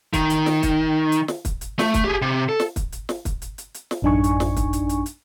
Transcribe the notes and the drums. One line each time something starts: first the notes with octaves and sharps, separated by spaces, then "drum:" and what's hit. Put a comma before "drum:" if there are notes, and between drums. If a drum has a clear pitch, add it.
D#3, drum: kick, hi-hat
drum: hi-hat
drum: snare
drum: kick, hi-hat
drum: hi-hat
drum: snare
drum: kick, hi-hat
drum: hi-hat
A3, drum: snare
drum: kick, hi-hat
G4 G#4
C3
A4
drum: snare
drum: kick, hi-hat
drum: hi-hat
drum: snare
drum: kick, hi-hat
drum: hi-hat
drum: hi-hat
drum: hi-hat
drum: snare
A1 F#2 D4 D#4 G#5 C#6
drum: hi-hat
drum: snare
drum: kick, hi-hat
drum: hi-hat
drum: hi-hat
drum: hi-hat